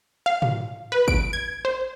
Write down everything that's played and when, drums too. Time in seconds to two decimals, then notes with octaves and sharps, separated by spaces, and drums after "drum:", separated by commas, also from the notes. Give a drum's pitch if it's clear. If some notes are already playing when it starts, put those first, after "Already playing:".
0.26 F5
0.42 drum: tom
0.92 B4
1.08 D7, drum: kick
1.33 G#6
1.65 C5